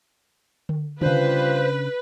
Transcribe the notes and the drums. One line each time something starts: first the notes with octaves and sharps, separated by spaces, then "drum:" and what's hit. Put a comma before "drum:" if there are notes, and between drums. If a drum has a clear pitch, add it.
drum: tom D3
C#3 G3 D4 F4 B4 C5, drum: tom D3